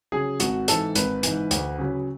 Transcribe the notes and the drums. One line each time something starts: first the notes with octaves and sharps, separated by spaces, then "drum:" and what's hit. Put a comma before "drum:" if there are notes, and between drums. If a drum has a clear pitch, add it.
C#3 F#3 G#4
G#1 F#4, drum: hi-hat
G#2 E3 A4, drum: hi-hat
G#1 B4, drum: hi-hat
G#2 E3, drum: hi-hat
D2, drum: hi-hat
C#3 F#3